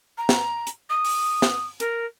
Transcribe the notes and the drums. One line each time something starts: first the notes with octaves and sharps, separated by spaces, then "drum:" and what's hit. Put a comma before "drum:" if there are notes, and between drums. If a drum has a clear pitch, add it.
A#5
drum: snare
drum: hi-hat
D#6
drum: open hi-hat
drum: snare
A#4, drum: hi-hat